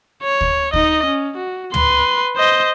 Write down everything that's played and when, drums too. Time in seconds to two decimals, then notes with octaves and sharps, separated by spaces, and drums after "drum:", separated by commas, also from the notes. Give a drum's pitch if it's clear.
0.23 C#5
0.41 drum: kick D2
0.74 D#4 D#5, drum: kick D2
1.05 C#4
1.37 F#4
1.74 B4 C6, drum: tom
2.37 C5 D#5